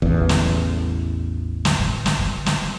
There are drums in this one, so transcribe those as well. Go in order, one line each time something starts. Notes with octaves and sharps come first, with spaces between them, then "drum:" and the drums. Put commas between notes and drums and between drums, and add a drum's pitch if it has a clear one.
A1 E2, drum: kick
drum: snare
drum: snare
drum: kick
drum: snare
drum: kick
drum: snare